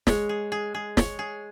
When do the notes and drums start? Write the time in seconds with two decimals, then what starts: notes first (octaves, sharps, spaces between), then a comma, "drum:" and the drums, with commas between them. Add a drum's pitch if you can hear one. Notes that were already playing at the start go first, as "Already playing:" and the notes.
0.07 G#3 C#5, drum: snare
0.29 G#4
0.52 G#4
0.74 G#4
0.97 C#5, drum: snare
1.19 G#4